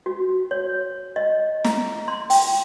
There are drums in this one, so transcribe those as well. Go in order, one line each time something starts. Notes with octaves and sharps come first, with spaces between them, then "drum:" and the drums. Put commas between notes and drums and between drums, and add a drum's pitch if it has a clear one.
F#4
C#5
D#5
A#5, drum: snare
C6
G5, drum: open hi-hat